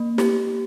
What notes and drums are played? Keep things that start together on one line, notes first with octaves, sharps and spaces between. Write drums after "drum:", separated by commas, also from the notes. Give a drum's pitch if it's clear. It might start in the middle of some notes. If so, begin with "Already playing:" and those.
Already playing: A#3
G4, drum: snare